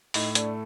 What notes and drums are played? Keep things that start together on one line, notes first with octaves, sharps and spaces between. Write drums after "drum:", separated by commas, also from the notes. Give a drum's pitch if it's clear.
A2 D#4, drum: open hi-hat
A3 D4, drum: hi-hat